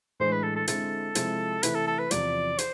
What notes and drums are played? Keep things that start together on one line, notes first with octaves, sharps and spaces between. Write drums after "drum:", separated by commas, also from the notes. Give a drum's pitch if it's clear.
A2 E3 G#3 D4 C5
B4
A4
A4
D3 G#3 C4 E4 A4, drum: hi-hat
C3 F3 G#3 C4 E4, drum: hi-hat
C3 E3 A3 E4 B4, drum: hi-hat
A4
A4
B4
E2 C3 F3 D5, drum: hi-hat
C5, drum: hi-hat